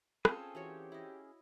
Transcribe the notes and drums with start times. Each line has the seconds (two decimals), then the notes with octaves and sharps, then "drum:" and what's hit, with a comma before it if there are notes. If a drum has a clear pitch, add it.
0.25 C4 C#4 F4 G#4 A4 G#5, drum: rim click
0.55 E3 F#4 G4 C#5
0.92 E4 D#5